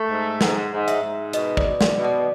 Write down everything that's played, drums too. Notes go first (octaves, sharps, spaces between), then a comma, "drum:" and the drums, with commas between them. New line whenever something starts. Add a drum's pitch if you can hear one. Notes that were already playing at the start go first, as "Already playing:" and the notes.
Already playing: A3
G#2
G#2 F#5, drum: snare
G#2
E5, drum: hi-hat
G#2
B2 D#5, drum: hi-hat
D5, drum: kick
B2
D5, drum: snare
B2
D5